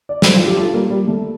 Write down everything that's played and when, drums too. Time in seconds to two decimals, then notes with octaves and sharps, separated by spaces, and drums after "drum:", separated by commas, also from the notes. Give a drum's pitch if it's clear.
0.09 D5
0.22 A4 C5, drum: snare
0.35 F4
0.46 G4
0.56 F4 A4
0.74 G3 A#3
0.90 G3
1.08 A3